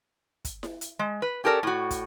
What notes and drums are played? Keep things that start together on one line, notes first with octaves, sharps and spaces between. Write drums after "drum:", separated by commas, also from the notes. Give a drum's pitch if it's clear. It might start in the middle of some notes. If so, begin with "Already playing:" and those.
drum: kick, hi-hat
drum: snare E4
drum: hi-hat
G#3
B4
C#4 G4 A4 A#4 D5
A2 F#4
drum: kick, hi-hat